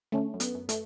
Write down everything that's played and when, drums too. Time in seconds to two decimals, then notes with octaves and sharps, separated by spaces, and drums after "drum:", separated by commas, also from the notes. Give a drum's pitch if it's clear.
0.12 D3 A3 C#4
0.34 F#2
0.40 B3, drum: hi-hat
0.55 F#2
0.69 A3, drum: hi-hat